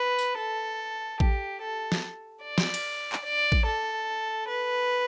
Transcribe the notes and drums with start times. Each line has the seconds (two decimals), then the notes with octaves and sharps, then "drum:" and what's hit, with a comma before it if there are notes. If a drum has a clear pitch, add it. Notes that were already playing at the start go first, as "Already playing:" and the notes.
Already playing: B4
0.19 drum: tambourine
0.38 A4
1.20 G4, drum: kick A1
1.61 A4
1.92 drum: snare
2.43 D5
2.58 drum: snare
2.74 drum: cymbal
3.12 drum: clap
3.25 D5
3.52 drum: kick A1
3.66 A4
4.48 B4